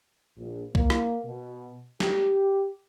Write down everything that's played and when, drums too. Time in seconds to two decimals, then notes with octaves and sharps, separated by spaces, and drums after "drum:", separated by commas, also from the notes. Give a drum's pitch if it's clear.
0.36 A#1
0.75 A#3, drum: kick C2
0.90 drum: rim click
1.25 B2
2.00 G4, drum: snare